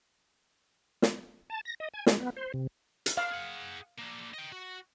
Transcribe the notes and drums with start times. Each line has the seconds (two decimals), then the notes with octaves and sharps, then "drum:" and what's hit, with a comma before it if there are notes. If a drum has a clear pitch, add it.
1.02 drum: snare
1.50 A5
1.65 A#6
1.80 D#5
1.94 G#5
2.06 G#3, drum: snare
2.20 B3
2.37 C5
2.54 C3
3.06 drum: hi-hat
3.17 D4 F5
3.32 G#4 F#5
3.99 A#3 D4
4.34 D#5 G5
4.52 F#4